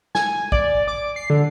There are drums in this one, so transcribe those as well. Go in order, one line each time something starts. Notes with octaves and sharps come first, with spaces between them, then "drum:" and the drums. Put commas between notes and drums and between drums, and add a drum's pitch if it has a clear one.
G#5, drum: snare
D5, drum: kick
D6
C7
D3